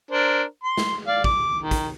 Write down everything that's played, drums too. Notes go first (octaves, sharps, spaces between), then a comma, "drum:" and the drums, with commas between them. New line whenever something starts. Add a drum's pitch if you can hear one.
D4 A#4 C5
C6
drum: snare
D5 F5
D6, drum: kick
D#3
drum: kick, hi-hat